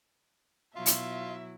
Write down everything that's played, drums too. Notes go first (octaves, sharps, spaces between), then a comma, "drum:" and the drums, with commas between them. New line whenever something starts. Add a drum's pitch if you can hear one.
B2 F#3 E4 F4 E5
drum: hi-hat